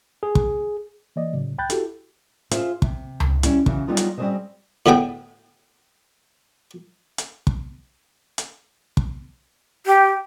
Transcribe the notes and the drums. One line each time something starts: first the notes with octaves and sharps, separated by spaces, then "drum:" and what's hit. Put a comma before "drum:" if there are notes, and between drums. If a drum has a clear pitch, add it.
G#4
drum: kick
E3 A#3 D5 D#5
A2 C#3 F#3
C#2 G5 B5 F#6 G6 A6
E4 F#4 G4 A4, drum: hi-hat
F4 G#4 C5 E5, drum: hi-hat
C3, drum: kick
drum: tom C#2
G3 C#4 E4, drum: hi-hat
C#3 E3 F#4, drum: kick
F#3 G3 B3 D#4 F4 G#4
drum: hi-hat
G3 C4 F#4 G#4 C5 D#5
A2 D3 B3 G#4 G5
drum: hi-hat
drum: kick
drum: hi-hat
drum: kick
G4